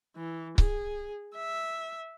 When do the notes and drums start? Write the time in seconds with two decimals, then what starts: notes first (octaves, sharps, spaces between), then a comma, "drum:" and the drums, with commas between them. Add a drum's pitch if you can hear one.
0.16 E3
0.58 G#4, drum: kick C#1
1.35 E5